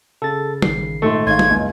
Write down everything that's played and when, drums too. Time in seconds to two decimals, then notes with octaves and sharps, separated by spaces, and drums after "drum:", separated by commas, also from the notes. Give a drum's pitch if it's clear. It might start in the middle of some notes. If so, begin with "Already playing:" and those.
0.22 C#3 A4 A6
0.62 A1 D#3 C7, drum: tom
1.02 G#1 A#2 A3 C6
1.26 G#1 D#3 G#3 C#5 F5 C6 G#6
1.39 drum: tom
1.51 F#1 C#2